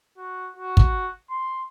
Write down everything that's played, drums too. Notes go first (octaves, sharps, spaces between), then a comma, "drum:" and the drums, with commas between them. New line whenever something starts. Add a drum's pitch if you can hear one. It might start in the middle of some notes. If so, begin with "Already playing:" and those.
F#4
F#4
drum: kick
C6